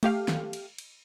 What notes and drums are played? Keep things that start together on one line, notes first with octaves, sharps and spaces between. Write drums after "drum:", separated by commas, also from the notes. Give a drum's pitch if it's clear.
A3 G4 F5, drum: cymbal
drum: snare
drum: cymbal
drum: cymbal